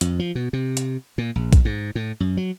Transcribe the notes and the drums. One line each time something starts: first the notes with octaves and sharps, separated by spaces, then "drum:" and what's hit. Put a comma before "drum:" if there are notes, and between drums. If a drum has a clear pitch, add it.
F2, drum: hi-hat
F3
B2
C3
drum: hi-hat
A#2
A#1
drum: kick, hi-hat
G#2
A2
F#2
F#3